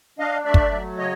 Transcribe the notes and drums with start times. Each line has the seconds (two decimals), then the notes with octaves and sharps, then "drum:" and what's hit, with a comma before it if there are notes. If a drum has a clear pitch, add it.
0.19 D4 D#5 F5
0.45 A3 D5 E5
0.54 drum: kick
0.72 F#3
0.98 C#3 C#5 D#5